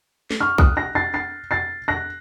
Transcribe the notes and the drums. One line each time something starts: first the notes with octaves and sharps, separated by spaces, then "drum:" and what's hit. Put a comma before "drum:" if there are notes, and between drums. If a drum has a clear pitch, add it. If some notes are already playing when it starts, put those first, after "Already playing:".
drum: snare
C#6 F6
D#6 F#6, drum: kick B1
F#6 A#6
A6 C7
A6 C7
A6 C7
F#6 A#6